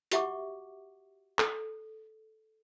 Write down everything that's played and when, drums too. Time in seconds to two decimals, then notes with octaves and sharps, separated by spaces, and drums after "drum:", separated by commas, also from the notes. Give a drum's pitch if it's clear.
0.12 F#4 G4 E5 F#5 C#6 D6, drum: hi-hat
1.39 A4, drum: clap